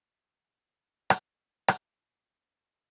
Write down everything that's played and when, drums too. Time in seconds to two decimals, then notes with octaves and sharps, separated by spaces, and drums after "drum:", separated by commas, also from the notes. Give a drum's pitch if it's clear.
0.23 C#5 D5
1.10 drum: rim click
1.68 drum: rim click